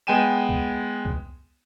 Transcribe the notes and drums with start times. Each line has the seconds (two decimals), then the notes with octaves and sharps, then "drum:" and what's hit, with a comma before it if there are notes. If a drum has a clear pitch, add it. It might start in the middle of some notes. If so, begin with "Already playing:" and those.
0.07 G#3 B3 G5 G#5 D#7 E7
0.49 drum: kick
1.05 drum: kick